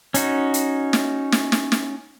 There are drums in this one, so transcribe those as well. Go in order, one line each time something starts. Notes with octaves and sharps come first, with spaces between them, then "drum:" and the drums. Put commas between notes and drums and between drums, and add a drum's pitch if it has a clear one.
C#4 D#4 F#4, drum: hi-hat
drum: hi-hat
drum: snare
drum: snare
drum: snare
drum: snare